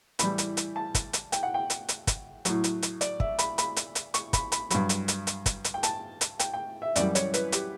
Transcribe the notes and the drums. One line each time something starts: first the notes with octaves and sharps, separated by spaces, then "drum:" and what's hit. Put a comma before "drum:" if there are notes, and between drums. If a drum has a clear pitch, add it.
A2 E3 G3 B5, drum: hi-hat
drum: hi-hat
drum: hi-hat
A5
drum: kick, hi-hat
drum: hi-hat
G5, drum: hi-hat
F#5
G5
drum: hi-hat
drum: hi-hat
drum: kick, hi-hat
A2 F#3, drum: hi-hat
drum: hi-hat
drum: hi-hat
D5, drum: hi-hat
E5, drum: kick
B5, drum: hi-hat
B5, drum: hi-hat
drum: hi-hat
drum: hi-hat
C#6, drum: hi-hat
B5, drum: kick, hi-hat
B5, drum: hi-hat
G2 F#3 B5, drum: hi-hat
drum: hi-hat
drum: hi-hat
drum: hi-hat
drum: kick, hi-hat
drum: hi-hat
G5
A5, drum: hi-hat
drum: hi-hat
G5, drum: hi-hat
G5
E5
F#2 E3 G3 D5, drum: hi-hat
C#5, drum: hi-hat
B4, drum: hi-hat
G4, drum: hi-hat